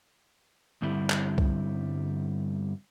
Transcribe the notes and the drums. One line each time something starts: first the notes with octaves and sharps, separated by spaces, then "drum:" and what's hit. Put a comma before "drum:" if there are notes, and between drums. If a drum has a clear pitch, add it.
G2 D3 G3 C4 E4
drum: clap
drum: kick C2